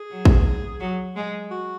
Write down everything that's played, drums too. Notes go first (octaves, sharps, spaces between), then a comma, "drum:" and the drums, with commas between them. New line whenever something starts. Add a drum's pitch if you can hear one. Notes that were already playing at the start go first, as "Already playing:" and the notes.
Already playing: G#4
F#3
drum: kick
F#3
G#3
F#4